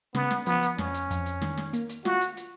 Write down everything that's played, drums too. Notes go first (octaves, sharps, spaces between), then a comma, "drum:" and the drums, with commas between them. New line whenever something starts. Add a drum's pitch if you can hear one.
C#3 B3, drum: snare
drum: snare
F3 B3, drum: hi-hat
drum: hi-hat
F2 C#4, drum: snare
drum: hi-hat
F2, drum: hi-hat
drum: hi-hat
D#3, drum: snare
drum: snare
A#3, drum: hi-hat
drum: hi-hat
F4 F#4, drum: snare
drum: hi-hat
drum: hi-hat